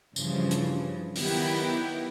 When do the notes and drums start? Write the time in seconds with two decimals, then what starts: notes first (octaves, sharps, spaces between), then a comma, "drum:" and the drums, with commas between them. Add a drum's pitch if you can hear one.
0.16 G2 C#3 E3 F3, drum: tambourine
0.51 drum: hi-hat
1.16 D#3 F#3 B3 E4 G4, drum: open hi-hat